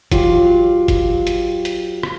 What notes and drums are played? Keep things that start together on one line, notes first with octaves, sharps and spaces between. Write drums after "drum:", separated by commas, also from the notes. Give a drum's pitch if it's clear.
F#3 F4 G4, drum: kick, hi-hat
drum: kick, hi-hat
drum: hi-hat
drum: hi-hat
drum: rim click